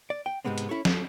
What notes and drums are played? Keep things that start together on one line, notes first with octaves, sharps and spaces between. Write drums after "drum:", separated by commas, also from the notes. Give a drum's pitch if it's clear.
D5
G5
G#2 C3 G#3 B3 C4
drum: hi-hat
C#4 E4 A4 C#5
A4, drum: snare